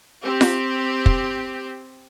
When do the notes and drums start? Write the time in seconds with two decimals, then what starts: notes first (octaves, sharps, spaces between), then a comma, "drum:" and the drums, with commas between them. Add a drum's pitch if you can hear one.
0.23 C4 G4
0.41 drum: snare F4
1.06 drum: kick